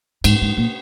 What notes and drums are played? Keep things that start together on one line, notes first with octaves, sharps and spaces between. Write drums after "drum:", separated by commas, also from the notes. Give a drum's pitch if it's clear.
G#2, drum: cymbal
G#2
A#2